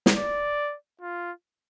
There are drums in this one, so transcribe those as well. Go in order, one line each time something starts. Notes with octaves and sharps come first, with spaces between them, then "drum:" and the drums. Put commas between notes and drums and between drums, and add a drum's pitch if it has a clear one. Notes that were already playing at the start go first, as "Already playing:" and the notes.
drum: snare
D5
F4